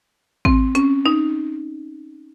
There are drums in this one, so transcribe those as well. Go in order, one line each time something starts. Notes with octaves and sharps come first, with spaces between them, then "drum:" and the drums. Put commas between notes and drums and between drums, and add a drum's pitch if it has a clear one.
C4, drum: kick G#1
C#4, drum: hi-hat
D#4